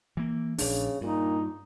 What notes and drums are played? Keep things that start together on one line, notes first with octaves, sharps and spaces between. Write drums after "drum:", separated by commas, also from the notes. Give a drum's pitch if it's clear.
E3 A#3
A#1 C#3 D4, drum: open hi-hat
G2 A#2 D#4